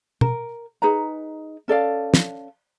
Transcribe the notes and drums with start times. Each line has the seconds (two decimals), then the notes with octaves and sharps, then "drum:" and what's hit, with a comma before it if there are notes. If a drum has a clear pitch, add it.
0.21 A#4, drum: tom B2
0.82 D#4 G#4 B4 A#5
1.68 C#4 A4 D5 F5
2.14 drum: snare